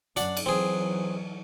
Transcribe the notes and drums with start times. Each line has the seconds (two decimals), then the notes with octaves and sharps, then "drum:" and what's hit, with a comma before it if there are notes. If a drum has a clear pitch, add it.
0.16 F#2 D4 F#5, drum: hi-hat
0.37 drum: cymbal
0.46 E3 F#3 C4 G#4